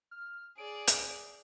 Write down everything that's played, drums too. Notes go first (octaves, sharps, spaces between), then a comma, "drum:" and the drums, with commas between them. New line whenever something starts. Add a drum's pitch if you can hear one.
F6
G#4 D5 D7
drum: hi-hat